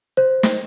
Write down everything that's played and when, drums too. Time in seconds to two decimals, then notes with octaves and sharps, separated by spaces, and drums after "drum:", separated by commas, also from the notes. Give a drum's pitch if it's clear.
0.17 C5
0.43 drum: snare